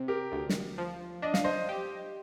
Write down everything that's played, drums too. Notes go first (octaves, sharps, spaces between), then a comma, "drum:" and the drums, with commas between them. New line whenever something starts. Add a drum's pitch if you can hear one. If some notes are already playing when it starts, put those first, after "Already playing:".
Already playing: C3
G4 A#4
D2
drum: snare
F3
D4 D#5
F5, drum: snare
C5 D#5
G4